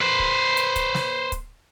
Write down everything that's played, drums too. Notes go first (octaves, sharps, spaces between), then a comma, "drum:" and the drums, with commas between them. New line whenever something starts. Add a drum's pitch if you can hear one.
B4 C5
drum: kick
drum: hi-hat
drum: kick, hi-hat
drum: snare
drum: kick, hi-hat